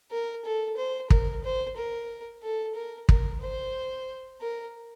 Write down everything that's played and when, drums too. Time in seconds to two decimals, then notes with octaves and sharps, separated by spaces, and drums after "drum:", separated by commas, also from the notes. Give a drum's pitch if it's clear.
0.11 A#4
0.44 A4
0.77 C5
1.10 A#4, drum: kick
1.44 C5
1.76 A#4
2.43 A4
2.75 A#4
3.09 A#4, drum: kick
3.42 C5
4.41 A#4